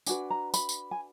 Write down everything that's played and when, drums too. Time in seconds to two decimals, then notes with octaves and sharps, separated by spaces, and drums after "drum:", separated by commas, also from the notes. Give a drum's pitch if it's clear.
0.06 D4 F#4 B4 G#5, drum: tambourine
0.30 A#5
0.54 B5, drum: tambourine
0.69 drum: tambourine
0.91 G#5